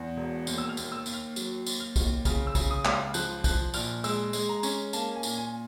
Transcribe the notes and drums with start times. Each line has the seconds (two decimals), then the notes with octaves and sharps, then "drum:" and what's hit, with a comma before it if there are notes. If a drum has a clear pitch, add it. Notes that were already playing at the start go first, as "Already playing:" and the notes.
Already playing: E2
0.17 E1
0.47 D#2, drum: tambourine
0.58 E6
0.69 F6
0.77 D#2, drum: tambourine
0.92 E6
1.06 D#2, drum: tambourine
1.13 F6
1.36 F#3, drum: tambourine
1.66 D#2, drum: tambourine
1.80 F6
1.96 D#2, drum: kick, tambourine
2.25 C#3 F6, drum: kick, tambourine
2.47 E6
2.55 C#3, drum: kick, tambourine
2.71 D#6
2.85 C#2, drum: clap
2.92 F6
3.14 F3 F#6, drum: tambourine
3.44 F3 F#6, drum: kick, tambourine
3.74 A#1 F6, drum: tambourine
4.04 G#3 E6, drum: tambourine
4.33 G#3, drum: tambourine
4.49 A#5
4.63 C#4, drum: tambourine
4.93 A#3 A5, drum: tambourine
5.16 G#5
5.23 A#2, drum: tambourine
5.38 G#5